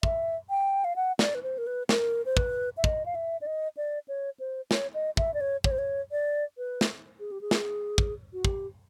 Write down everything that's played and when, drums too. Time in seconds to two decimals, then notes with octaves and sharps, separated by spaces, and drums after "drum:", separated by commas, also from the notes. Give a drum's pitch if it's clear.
0.03 E5, drum: kick
0.50 G5
0.84 F5
0.96 F#5
1.19 D5, drum: snare
1.35 B4
1.43 C5
1.58 A#4
1.67 B4
1.89 A#4, drum: snare
2.25 C5
2.37 B4, drum: kick
2.77 E5
2.84 D#5, drum: kick
3.06 F5
3.15 E5
3.41 D5
3.46 D#5
3.77 D5
4.08 C#5
4.39 C5
4.71 C#5, drum: snare
4.94 D#5
5.17 E5, drum: kick
5.34 D5
5.40 C#5
5.64 C#5, drum: kick
5.71 C5
5.78 C#5
6.11 D5
6.58 B4
6.81 drum: snare
7.20 G#4
7.31 G4
7.41 G#4
7.51 drum: snare
7.98 drum: kick
8.33 F#4
8.45 G4, drum: kick